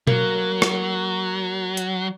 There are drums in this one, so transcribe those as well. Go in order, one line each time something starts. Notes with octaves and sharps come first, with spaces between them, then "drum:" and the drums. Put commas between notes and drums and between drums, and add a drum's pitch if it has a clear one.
F#3 A#3, drum: tom B2
drum: rim click
drum: hi-hat